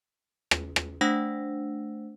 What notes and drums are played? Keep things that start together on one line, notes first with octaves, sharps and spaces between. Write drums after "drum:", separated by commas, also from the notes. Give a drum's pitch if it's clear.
drum: rim click
drum: rim click
A3 D4 C5 F#5 E6 A#6